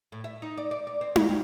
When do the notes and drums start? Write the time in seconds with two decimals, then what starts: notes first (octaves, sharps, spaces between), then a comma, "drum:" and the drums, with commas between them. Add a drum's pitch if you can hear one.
0.12 A2
0.24 E5
0.42 D#4
0.57 D5
0.71 D5
0.87 D5
1.01 C4
1.16 C#5, drum: tom D#4
1.29 G3